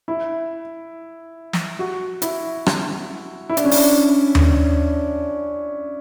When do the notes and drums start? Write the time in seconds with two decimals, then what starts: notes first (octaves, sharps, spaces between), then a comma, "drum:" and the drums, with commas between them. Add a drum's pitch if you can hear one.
0.08 E4
1.53 drum: snare
1.79 F#4
2.22 E4, drum: hi-hat
2.66 drum: rim click
3.50 E4
3.57 D4, drum: hi-hat
3.64 C#4
3.71 D4, drum: open hi-hat
4.35 drum: tom D#2